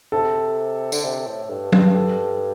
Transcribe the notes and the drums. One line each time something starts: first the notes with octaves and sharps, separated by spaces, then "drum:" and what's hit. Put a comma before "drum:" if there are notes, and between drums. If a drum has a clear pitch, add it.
C3 A4
D3, drum: tambourine
C3
A2
G2
G2, drum: tom F#3
A4